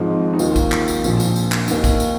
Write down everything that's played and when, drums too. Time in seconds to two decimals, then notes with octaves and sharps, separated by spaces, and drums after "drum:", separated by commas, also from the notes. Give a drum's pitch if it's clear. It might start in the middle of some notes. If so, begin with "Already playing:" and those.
Already playing: G#1 G#2 F3 D#4
0.33 D#4
0.39 D#2 D#3 F4, drum: tambourine
0.56 drum: kick A1, tambourine
0.72 drum: clap
0.88 drum: tambourine
1.04 A#1 A#2 F3, drum: tambourine
1.20 drum: tambourine
1.36 drum: tambourine
1.52 drum: clap
1.68 D#2 D#3, drum: tambourine
1.84 drum: kick A1, tambourine
2.00 drum: tambourine